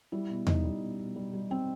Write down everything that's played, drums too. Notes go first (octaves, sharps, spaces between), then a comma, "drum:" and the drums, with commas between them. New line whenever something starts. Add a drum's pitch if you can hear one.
G3 E4
B2
B2 D#4, drum: tom E2
G3
B2
B2
G3
G3
G3 C4